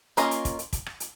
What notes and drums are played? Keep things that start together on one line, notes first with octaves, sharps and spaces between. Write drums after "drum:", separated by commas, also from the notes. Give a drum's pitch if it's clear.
A#3 C#4 F4 A#4 D#5, drum: hi-hat
drum: hi-hat
drum: kick, hi-hat
drum: hi-hat
drum: kick, hi-hat
drum: rim click
drum: hi-hat